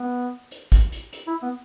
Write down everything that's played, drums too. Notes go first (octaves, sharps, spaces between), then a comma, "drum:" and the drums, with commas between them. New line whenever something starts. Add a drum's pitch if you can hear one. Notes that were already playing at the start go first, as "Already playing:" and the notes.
Already playing: B3
drum: hi-hat
drum: kick, hi-hat
drum: hi-hat
drum: hi-hat
E4
B3